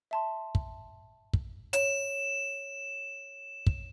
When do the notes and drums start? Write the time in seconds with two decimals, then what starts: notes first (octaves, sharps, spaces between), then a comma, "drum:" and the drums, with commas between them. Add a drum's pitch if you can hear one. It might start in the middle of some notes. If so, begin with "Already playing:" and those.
0.11 E5 A5 C6
0.55 drum: kick
1.33 drum: kick
1.73 C#5 E7, drum: hi-hat
3.67 drum: kick